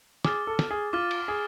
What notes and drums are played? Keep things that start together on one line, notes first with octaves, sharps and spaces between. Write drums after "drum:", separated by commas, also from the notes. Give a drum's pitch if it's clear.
G#4 D6 F6 A6, drum: snare
A4
drum: snare
G#4
F4 D6 F6 A6
drum: cymbal
G#4